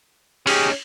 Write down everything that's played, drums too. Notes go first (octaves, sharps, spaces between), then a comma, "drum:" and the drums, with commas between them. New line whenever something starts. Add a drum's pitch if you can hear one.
C#4 D#4 G4 G#4, drum: open hi-hat